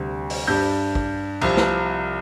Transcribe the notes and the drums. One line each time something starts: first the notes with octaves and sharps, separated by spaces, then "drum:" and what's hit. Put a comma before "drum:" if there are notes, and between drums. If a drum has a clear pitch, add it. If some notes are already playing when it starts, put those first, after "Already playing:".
Already playing: D2 C3 G3
drum: open hi-hat
G2 G3 G6
drum: kick
C2 C3 F3, drum: cymbal
drum: snare